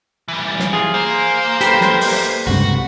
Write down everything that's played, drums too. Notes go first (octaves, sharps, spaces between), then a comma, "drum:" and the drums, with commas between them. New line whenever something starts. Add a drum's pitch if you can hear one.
E3 G3
drum: snare
F4 G#4
A#3 C5
G4 A4 B4, drum: hi-hat
drum: snare
drum: open hi-hat
C#2 G2 C3 F#4